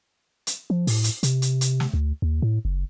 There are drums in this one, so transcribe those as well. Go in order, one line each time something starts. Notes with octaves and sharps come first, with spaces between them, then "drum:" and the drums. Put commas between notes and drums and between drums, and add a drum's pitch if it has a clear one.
drum: hi-hat
F3
A2, drum: open hi-hat
drum: hi-hat
C3, drum: hi-hat
drum: hi-hat
drum: hi-hat
drum: snare
D2
D#2
A2
F#1